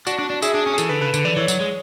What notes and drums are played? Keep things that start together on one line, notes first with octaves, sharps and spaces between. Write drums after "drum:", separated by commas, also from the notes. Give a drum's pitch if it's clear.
D4 F#4, drum: tambourine
D4
D4
E4 G#4, drum: tambourine
D4
C#4
G#4
E3 A4, drum: tambourine
D3 B4
C#3 B4
D3, drum: tambourine
E3 D5
E3 C#5
F#3, drum: tambourine
G#3